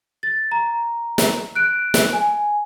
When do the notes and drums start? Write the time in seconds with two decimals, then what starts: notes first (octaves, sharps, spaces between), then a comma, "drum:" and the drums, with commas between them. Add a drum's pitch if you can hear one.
0.23 A6
0.52 A#5
1.18 drum: snare
1.55 F#6 D7
1.94 drum: snare
2.13 G#5